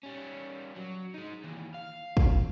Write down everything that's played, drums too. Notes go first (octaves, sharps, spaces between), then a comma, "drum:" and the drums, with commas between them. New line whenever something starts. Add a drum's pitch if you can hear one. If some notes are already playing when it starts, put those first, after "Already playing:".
G3 C#4
F#3
G#3 D#4
D#2 E3
F5
drum: kick